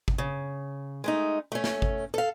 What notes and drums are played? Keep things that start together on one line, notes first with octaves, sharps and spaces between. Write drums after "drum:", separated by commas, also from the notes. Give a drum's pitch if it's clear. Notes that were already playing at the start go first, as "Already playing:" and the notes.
drum: kick G#1
C#3
G#3 A3 D#4
A3 C#4
drum: snare
drum: kick G#1
A4 F5